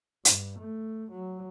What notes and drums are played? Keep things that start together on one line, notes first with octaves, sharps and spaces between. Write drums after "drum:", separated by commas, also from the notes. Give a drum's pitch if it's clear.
G2, drum: hi-hat
A3
F#3